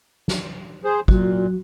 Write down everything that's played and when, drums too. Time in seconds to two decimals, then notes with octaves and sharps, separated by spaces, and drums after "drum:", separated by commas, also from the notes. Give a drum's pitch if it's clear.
0.28 drum: snare
0.84 G#4 C5
1.08 A#2 F#3 F#4, drum: kick